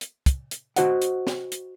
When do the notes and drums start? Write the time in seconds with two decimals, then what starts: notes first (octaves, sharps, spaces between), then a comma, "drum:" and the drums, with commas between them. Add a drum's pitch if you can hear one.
0.01 drum: hi-hat
0.26 drum: kick, hi-hat
0.51 drum: hi-hat
0.76 F#4 C5 D#5 F#5, drum: hi-hat
1.02 drum: hi-hat
1.27 drum: snare
1.52 drum: hi-hat